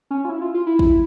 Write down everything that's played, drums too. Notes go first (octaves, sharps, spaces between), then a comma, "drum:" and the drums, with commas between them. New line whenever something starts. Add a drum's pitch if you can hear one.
C#4
F4
E4
F4
F4
E4
drum: kick